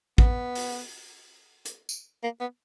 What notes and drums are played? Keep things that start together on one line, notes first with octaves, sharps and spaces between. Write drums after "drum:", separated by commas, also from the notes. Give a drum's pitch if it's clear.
B3, drum: kick
drum: open hi-hat
drum: hi-hat
drum: tambourine
A#3
B3